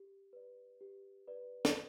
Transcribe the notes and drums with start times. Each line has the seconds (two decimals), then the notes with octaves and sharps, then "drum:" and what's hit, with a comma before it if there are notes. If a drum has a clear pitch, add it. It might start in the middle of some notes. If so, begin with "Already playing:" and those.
Already playing: G4
0.33 B4 D5
0.81 G4
1.28 B4 D5
1.65 drum: snare